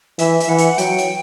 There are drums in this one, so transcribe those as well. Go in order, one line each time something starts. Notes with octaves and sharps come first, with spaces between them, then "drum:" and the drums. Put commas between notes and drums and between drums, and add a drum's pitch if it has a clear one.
E3 E5, drum: hi-hat
E5, drum: hi-hat
E3 F#5
drum: hi-hat
F#3 G5, drum: hi-hat
drum: hi-hat